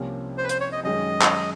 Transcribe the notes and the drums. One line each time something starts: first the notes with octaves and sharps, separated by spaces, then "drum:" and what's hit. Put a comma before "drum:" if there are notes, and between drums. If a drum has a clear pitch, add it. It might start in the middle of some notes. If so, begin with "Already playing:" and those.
Already playing: C2 C3 F3 A#3 C#4
C5
B4
C5, drum: hi-hat
C#5
D#5
F#2 D#3 G#3 C#4 D#5
drum: clap